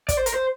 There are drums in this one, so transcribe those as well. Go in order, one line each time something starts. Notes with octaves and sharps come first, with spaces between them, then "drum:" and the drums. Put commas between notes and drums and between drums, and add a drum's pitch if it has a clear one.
D5, drum: kick, hi-hat
C5
A#4, drum: hi-hat
C5